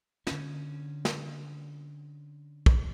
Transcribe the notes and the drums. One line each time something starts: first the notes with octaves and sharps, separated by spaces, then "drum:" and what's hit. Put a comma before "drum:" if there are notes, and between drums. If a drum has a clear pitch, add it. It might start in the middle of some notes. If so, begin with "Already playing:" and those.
D3 C#4, drum: snare
drum: snare
drum: kick